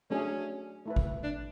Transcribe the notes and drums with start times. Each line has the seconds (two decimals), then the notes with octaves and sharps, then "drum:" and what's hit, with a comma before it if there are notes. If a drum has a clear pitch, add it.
0.10 F#3 A3 C#4 D4 G#4
0.86 A3 E4 B4
0.96 drum: kick G#1
1.23 D4